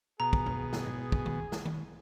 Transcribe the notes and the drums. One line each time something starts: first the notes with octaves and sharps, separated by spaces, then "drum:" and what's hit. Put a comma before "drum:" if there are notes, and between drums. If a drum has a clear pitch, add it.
B2 G#4 A#5
drum: kick
drum: tom F#2
drum: snare
drum: tom G#2
drum: kick
drum: tom D#3
drum: snare
drum: tom D#3